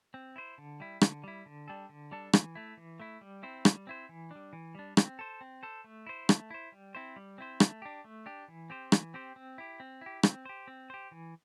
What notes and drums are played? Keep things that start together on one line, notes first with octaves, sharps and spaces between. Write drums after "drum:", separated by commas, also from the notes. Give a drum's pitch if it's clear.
C4
E4 C5
D3
G3 E4
D3, drum: rim click
G3 E4
D3
G3 D4 A4
D3
G3 D4 A4
E3, drum: rim click
A3 E4
E3
A3 E4
G3
C4 E4 C5
G3, drum: rim click
C4 E4 C5
E3
G3 D4
E3
G3 D4
C4, drum: rim click
A4 C5
C4
A4 C5
A3
E4 C5
A3, drum: rim click
E4 C5
G3
C4 E4 C5
G3
C4 E4 C5
A3, drum: rim click
D4 G4
A3
D4 G4
E3
C4 G4 C5
E3, drum: rim click
C4 G4 C5
C4
E4 G4
C4
E4 G4
C4, drum: rim click
G4 C5
C4
G4 C5
E3